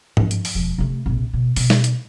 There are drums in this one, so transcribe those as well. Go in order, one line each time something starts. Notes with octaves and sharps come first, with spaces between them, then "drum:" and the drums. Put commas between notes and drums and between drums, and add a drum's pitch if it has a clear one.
G2 F3, drum: tom G#2
drum: hi-hat
drum: open hi-hat
E1 F3
C3 A3
A#1 C3
B2
B2, drum: open hi-hat
drum: snare
drum: hi-hat